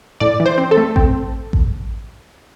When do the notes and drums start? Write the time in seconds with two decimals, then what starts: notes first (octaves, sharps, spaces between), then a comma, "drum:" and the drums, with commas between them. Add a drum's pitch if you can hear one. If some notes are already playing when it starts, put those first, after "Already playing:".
0.20 A2 D5
0.40 E3
0.46 C5
0.58 C4
0.71 A4
0.77 A3
0.96 C4, drum: kick A1
1.53 drum: kick A1